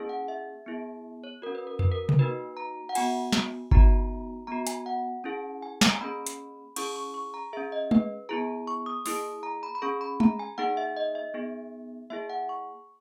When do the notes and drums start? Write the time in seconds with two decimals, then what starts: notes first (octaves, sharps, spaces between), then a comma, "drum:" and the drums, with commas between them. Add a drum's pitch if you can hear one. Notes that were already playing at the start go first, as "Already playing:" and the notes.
Already playing: A#3 C#4 E4 G#4
0.09 F#5
0.28 E5
0.66 B3 E4 G#4
1.24 C#5
1.42 C#4 F#4 A#4
1.55 B4
1.67 A#4
1.79 B4, drum: tom F2
1.92 A#4
2.09 drum: tom C3
2.19 A#3 D#4 F#4 B4
2.57 A#5
2.89 F#5
2.95 B3 F#4 G#5, drum: cymbal
3.32 drum: snare
3.71 B3 D#4 F#4 A#5, drum: kick G1
4.47 B3 F#4 A#5
4.67 G#5, drum: hi-hat
4.86 F#5
5.24 C#4 E4 G#4
5.63 G#5
5.81 A#5, drum: snare
6.01 A#3 C#4 G#4 B5
6.27 drum: hi-hat
6.76 C#4 E4 G#4 C#6, drum: cymbal
6.96 C#6
7.14 C#6
7.34 A#5
7.53 C#4 G#4 E5
7.72 D#5
7.91 B4, drum: tom G#3
8.29 B3 E4 G#4 A#5
8.67 C#6
8.86 D#6
9.06 A#3 E4 G#4 D#6, drum: open hi-hat
9.43 A#5
9.63 B5
9.75 B5
9.82 C#4 G#4 C#6
10.01 B5
10.20 A#5, drum: tom G#3
10.39 G#5
10.58 A#3 D#4 G#4 F#5
10.77 E5
10.97 D#5
11.15 E5
11.34 B3 D#4 G#4
12.10 A#3 E4 G#4 E5
12.30 F#5
12.49 C#6